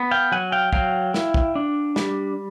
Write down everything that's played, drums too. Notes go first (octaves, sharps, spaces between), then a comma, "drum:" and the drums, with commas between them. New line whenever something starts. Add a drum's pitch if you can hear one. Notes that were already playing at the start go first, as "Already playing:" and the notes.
Already playing: B3
F5 G5
F#3 F#5 G#5
F5 G5
F#3 F5 G5, drum: kick
E4, drum: snare
drum: kick
D4
G3, drum: snare